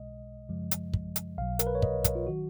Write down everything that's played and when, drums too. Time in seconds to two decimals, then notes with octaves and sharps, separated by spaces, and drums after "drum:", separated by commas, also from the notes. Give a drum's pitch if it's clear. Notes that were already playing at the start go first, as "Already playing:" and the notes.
Already playing: B1 B2 G#3 D#5
0.49 F#2 C#3 F3 G#3
0.71 drum: hi-hat
0.94 drum: kick
1.16 drum: hi-hat
1.38 B1 B2 F#3 F5
1.59 A#4, drum: hi-hat
1.67 B4
1.75 C#5
1.82 D#5, drum: kick
2.04 drum: kick, hi-hat
2.15 F4
2.27 D#3 F#3 F#4